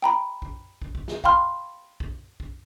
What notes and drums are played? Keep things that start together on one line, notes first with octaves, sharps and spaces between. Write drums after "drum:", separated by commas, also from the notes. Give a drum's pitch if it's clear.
G5 A#5 B5
drum: kick
drum: kick
drum: kick
drum: snare
F5 G5 B5 C6 F6, drum: kick
drum: kick
drum: kick